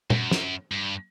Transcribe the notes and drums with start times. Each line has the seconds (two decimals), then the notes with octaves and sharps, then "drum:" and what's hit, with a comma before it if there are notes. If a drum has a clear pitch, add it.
0.10 F#2, drum: tom A#2
0.31 drum: snare
0.71 G2